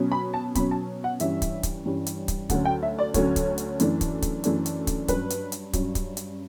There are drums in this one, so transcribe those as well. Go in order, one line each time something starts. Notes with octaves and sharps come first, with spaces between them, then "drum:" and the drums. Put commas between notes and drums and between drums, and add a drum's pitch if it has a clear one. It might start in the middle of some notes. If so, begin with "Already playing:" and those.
Already playing: B2 F#3 C#4
B5
A5
B2 F#3 C#4 B5, drum: kick, hi-hat
A5
F#5
G2 E3 G3 C#4 E5, drum: hi-hat
drum: kick, hi-hat
drum: kick, hi-hat
G2 E3 G3 C#4
drum: hi-hat
drum: kick, hi-hat
D2 D3 F#3 C#4 F#5, drum: kick, hi-hat
G5
E5
D5
D2 D3 F#3 C#4 C#5, drum: kick, hi-hat
drum: kick, hi-hat
drum: hi-hat
F#2 E3 A3 D4, drum: hi-hat
drum: kick, hi-hat
drum: kick, hi-hat
F#2 E3 A3 D4, drum: hi-hat
drum: hi-hat
drum: kick, hi-hat
G2 F#3 C#4 B4, drum: kick, hi-hat
drum: hi-hat
drum: hi-hat
G2 F#3 C#4, drum: kick, hi-hat
drum: kick, hi-hat
drum: hi-hat